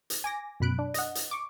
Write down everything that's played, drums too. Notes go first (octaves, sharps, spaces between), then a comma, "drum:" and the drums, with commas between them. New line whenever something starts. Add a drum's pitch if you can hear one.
drum: hi-hat
G#5 D6 A#6
F#2 B2 B5 F#6 D7
D4
D#5 F#5, drum: hi-hat
drum: hi-hat
C#6 D6